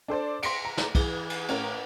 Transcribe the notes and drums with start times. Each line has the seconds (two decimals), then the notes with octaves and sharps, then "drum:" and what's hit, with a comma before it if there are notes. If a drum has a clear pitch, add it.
0.08 D4 A4 C5 D5
0.43 C6 A#6 B6 C#7 D7, drum: cymbal
0.65 A#5
0.77 drum: snare
0.95 E3 G#4, drum: kick, cymbal
1.30 drum: cymbal
1.48 A1 C#4 A#4, drum: cymbal